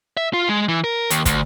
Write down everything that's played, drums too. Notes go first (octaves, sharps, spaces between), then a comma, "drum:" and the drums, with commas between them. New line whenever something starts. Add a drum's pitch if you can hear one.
E5
F4
G#3
E3
A#4
D#2, drum: hi-hat
D2, drum: kick, hi-hat